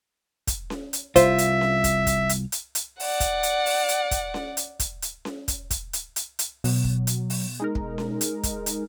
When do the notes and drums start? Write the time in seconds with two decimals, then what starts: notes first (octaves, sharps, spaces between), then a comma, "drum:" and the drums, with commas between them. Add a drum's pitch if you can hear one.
0.47 drum: kick, hi-hat
0.70 drum: snare C#4
0.93 drum: hi-hat
1.16 C2 F4 C5 E5, drum: kick, hi-hat
1.38 drum: hi-hat
1.61 drum: snare C#4
1.84 drum: kick, hi-hat
2.07 drum: kick, hi-hat
2.29 drum: hi-hat
2.52 drum: hi-hat
2.75 drum: hi-hat
3.00 D5 F#5, drum: open hi-hat
3.20 drum: kick, hi-hat
3.43 drum: hi-hat
3.66 drum: open hi-hat
3.89 drum: hi-hat
4.11 drum: kick, hi-hat
4.34 drum: snare C#4
4.57 drum: hi-hat
4.80 drum: kick, hi-hat
5.02 drum: hi-hat
5.25 drum: snare C#4
5.48 drum: kick, hi-hat
5.71 drum: kick, hi-hat
5.93 drum: hi-hat
6.16 drum: hi-hat
6.39 drum: hi-hat
6.64 B2 F#3, drum: open hi-hat
6.84 drum: kick
7.07 drum: hi-hat
7.30 drum: open hi-hat
7.60 G#3 D#4 A#4
7.75 drum: kick
7.98 drum: snare C#4
8.21 drum: hi-hat
8.43 drum: kick, hi-hat
8.66 drum: hi-hat